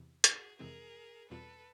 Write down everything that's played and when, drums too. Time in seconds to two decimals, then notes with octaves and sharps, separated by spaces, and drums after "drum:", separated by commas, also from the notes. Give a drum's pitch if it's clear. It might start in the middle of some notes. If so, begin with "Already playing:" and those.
Already playing: E2 C3 E3
0.24 F#4 G#4, drum: hi-hat
0.59 F2 C3 E3 G#3 C4 G#4 A#4
1.29 E2 B2 G3 C4 F4 A4 B4